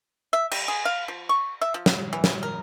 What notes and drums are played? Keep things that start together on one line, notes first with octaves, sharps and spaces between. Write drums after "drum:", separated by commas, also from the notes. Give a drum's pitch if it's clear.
E5
G3, drum: cymbal
G#4
F5
F3
C#6
E5
F3
drum: snare
E3
drum: snare
A#4